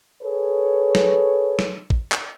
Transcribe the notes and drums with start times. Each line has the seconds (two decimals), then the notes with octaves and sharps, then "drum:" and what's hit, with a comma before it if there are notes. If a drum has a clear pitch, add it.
0.22 G#4 A4 B4 C#5
0.95 drum: snare
1.59 drum: snare
1.90 drum: kick
2.12 drum: clap